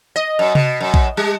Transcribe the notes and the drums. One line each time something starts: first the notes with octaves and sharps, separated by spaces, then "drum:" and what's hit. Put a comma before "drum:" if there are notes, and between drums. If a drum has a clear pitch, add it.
D#5
F#2
B2, drum: tom C3
F#2
drum: kick A#1
G3